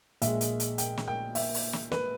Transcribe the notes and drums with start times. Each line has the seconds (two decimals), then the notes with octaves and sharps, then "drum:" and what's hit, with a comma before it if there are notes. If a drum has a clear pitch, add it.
0.22 A#1 A#2 G#3 E5, drum: hi-hat
0.41 drum: hi-hat
0.60 drum: hi-hat
0.78 G5, drum: hi-hat
0.97 drum: snare
1.08 G5
1.35 E5, drum: open hi-hat
1.54 drum: open hi-hat
1.73 drum: snare
1.92 B4, drum: snare